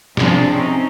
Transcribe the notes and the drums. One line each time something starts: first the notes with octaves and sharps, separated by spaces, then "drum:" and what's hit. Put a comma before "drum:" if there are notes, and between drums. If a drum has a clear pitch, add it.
C3 F3 D4 G#4, drum: snare
C4 C#4 D#4